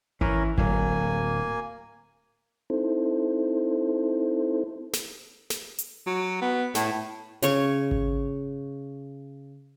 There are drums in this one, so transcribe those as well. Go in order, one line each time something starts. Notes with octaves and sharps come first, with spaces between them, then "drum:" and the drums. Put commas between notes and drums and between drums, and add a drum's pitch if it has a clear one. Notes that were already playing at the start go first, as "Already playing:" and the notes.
E3 C#4 A#4, drum: kick G#1
D1 F#3 A#3 G#5, drum: kick G#1
C4 D#4 E4 A4 C5
drum: snare
drum: snare
drum: hi-hat
F#3
B3
A2, drum: snare
C#3 C#5 C#6, drum: hi-hat
drum: kick G#1